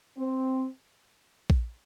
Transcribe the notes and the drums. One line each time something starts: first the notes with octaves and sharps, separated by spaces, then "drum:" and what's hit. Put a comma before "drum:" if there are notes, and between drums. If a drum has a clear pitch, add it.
C4
drum: kick A#1